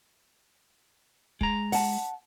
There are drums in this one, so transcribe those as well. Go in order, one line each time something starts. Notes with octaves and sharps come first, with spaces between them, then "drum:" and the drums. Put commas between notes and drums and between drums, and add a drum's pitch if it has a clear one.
G#3 A#5, drum: kick
F#5 A5, drum: open hi-hat